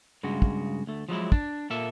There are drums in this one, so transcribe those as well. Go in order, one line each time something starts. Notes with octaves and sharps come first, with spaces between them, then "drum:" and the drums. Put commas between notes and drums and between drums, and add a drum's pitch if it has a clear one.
G2 C#3 G#3 F#4
drum: kick
D2 A3
F3 F#3 G#3 E4
D4, drum: kick
A#2 A#3 A4 E5